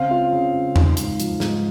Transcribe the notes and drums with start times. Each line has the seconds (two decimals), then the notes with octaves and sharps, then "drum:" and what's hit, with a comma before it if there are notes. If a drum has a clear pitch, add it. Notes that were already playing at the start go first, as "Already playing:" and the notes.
Already playing: C#3 C4 F5
0.11 F4
0.33 C#3
0.53 C#3
0.76 D#4, drum: tom E2
0.97 G#2, drum: hi-hat
1.20 F3, drum: hi-hat
1.40 G#2, drum: snare